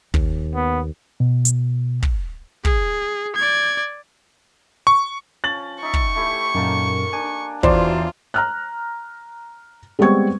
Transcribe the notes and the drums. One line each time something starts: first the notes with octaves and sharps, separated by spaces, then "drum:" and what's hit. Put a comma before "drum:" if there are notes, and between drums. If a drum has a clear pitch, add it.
D#2, drum: kick
B3
B2
drum: hi-hat
drum: kick
G#4, drum: kick
D5 G#6
C#6
F3 C#4 A6 F#7
D#4 E5 C#6
drum: kick
A3 E4 G4
F#2 A#2 D#3 A#3 A5
D4 G#5
E2 E3 F#3 F4 F#4 C5 D5 C6, drum: kick
A#5 F6 F#6
G3 G#3 B3 C4 C#6 G#6